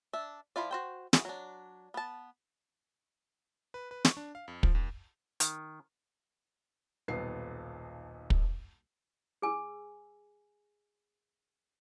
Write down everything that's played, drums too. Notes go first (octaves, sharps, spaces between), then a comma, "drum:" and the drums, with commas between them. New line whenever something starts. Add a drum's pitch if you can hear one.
D4 E5
F3 E4 F4 D5
F#4 C5 G5
E3 F#4 G#4, drum: snare
F#3 D4
B3 A5
B4
B4
C#6, drum: snare
D4
F5
F2
F3, drum: kick
D#2
D#3, drum: hi-hat
D#1 B1 B3 C7
drum: kick
G#4 G#5 E6